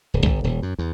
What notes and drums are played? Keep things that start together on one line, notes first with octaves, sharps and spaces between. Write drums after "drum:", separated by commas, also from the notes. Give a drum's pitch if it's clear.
D1
G1, drum: kick A#1
D#1
F#2
E2